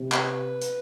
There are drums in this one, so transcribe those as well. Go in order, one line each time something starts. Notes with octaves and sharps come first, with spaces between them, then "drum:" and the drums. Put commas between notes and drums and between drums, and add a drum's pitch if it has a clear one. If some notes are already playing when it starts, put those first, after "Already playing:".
Already playing: C3
B4, drum: clap
drum: hi-hat